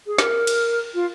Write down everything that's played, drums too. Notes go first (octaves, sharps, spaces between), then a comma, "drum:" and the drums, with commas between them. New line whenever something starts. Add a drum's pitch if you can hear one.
G#4
A#4, drum: snare
drum: cymbal
F4